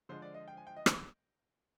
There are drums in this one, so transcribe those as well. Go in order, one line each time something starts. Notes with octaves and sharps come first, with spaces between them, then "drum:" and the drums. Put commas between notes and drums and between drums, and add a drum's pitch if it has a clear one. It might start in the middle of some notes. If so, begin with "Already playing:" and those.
D3 F3 G#3 C5
D5
D#5
G5
G#5
G5
D#5
drum: rim click